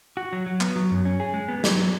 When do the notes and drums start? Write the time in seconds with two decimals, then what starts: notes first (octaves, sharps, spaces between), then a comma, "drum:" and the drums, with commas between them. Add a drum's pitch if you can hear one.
0.17 F#4
0.33 F#3
0.46 F#3
0.61 B3, drum: clap
0.76 F#3
0.91 F#2
1.05 C#4
1.20 G#4
1.34 G#3
1.49 B3
1.64 F#3, drum: snare